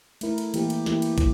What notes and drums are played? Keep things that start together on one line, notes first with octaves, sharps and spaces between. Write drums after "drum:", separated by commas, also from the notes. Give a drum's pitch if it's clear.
A3 E4 A#4, drum: cymbal
drum: cymbal
E3 A#3 E4 G4, drum: cymbal
drum: cymbal
E3 A#3 E4 G4, drum: snare
drum: cymbal
E4, drum: kick, cymbal